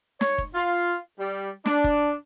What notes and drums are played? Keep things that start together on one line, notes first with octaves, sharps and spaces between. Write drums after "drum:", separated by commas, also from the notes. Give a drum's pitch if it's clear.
C#5, drum: snare
drum: kick
F4
G3
D4, drum: snare
drum: kick